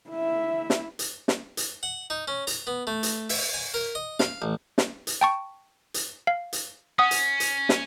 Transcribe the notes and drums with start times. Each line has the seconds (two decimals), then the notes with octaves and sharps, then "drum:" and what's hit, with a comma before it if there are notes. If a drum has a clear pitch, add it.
0.10 E4 E5
0.70 drum: snare
0.99 drum: hi-hat
1.28 drum: snare
1.57 drum: hi-hat
1.83 F#5
2.10 D#4
2.28 C#4
2.47 A#5, drum: hi-hat
2.67 B3
2.87 A3
3.03 drum: hi-hat
3.29 E5, drum: open hi-hat
3.54 G#5
3.74 A#4
3.95 D#5
4.19 F5, drum: snare
4.42 A1
4.78 drum: snare
5.07 drum: hi-hat
5.21 G5 A5 C#6
5.94 drum: hi-hat
6.27 F5
6.53 drum: hi-hat
6.99 C#4 F#5 D#6
7.11 drum: hi-hat
7.40 drum: hi-hat
7.69 drum: snare